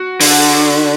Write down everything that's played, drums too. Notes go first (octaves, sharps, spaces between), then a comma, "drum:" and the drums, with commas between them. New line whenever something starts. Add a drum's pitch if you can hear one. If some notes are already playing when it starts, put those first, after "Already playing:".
Already playing: F#4
D3, drum: open hi-hat